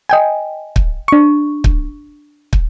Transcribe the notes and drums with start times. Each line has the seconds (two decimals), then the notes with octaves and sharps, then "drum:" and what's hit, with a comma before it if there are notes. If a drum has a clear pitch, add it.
0.09 D#5 G5 G#5
0.76 drum: kick
1.08 D4 C#6
1.64 drum: kick
2.53 drum: kick